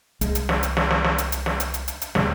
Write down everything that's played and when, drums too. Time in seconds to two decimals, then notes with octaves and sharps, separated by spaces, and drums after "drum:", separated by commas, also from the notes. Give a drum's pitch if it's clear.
0.21 C2 G#3, drum: hi-hat
0.35 drum: hi-hat
0.49 drum: snare
0.63 drum: hi-hat
0.77 drum: snare
0.91 drum: snare
1.04 drum: snare
1.18 drum: hi-hat
1.32 drum: hi-hat
1.46 drum: snare
1.60 drum: hi-hat
1.74 drum: hi-hat
1.88 drum: hi-hat
2.02 drum: hi-hat
2.15 D2 C3 G#3, drum: snare